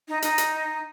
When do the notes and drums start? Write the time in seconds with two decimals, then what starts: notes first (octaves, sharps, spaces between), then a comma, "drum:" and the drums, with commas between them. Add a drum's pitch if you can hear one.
0.08 D#4
0.22 D#4, drum: hi-hat
0.38 drum: hi-hat